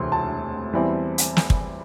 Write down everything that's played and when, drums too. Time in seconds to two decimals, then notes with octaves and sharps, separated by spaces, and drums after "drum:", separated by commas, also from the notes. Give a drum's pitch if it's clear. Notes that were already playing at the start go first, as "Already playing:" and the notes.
Already playing: E1 D2 C3 E3 C4 C6
0.12 A5
0.73 E2 E3 G3 C4 E4
1.18 drum: hi-hat
1.37 drum: snare
1.50 drum: kick